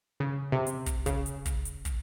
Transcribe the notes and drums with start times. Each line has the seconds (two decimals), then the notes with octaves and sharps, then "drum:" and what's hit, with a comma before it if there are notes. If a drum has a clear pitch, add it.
0.20 C#3
0.52 C3
0.67 drum: hi-hat
0.86 drum: kick, hi-hat
1.06 C#3, drum: kick, hi-hat
1.26 drum: hi-hat
1.46 drum: kick, hi-hat
1.65 drum: hi-hat
1.85 drum: kick, hi-hat